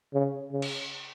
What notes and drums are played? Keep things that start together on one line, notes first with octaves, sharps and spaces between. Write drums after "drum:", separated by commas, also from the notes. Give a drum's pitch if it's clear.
C#3
C#3
drum: cymbal